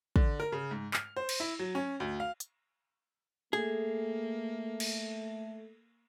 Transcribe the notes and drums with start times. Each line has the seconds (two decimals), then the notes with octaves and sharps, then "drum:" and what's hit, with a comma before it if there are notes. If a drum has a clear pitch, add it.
0.16 D3, drum: kick
0.40 A#4
0.52 C#3
0.71 G#2
0.94 F6, drum: clap
1.17 C5
1.29 drum: cymbal
1.40 E4
1.59 F#3
1.75 C#4
2.00 D2
2.20 F5
2.40 drum: hi-hat
3.53 A3 A#3 G#4 A4
4.80 drum: cymbal